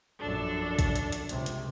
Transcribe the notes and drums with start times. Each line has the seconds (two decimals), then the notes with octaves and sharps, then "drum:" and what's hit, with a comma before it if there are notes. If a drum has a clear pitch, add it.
0.20 A#1 F#2 D4 A4
0.79 drum: kick A#1, hi-hat
0.96 drum: hi-hat
1.12 drum: hi-hat
1.29 C#2 C3, drum: hi-hat
1.46 drum: hi-hat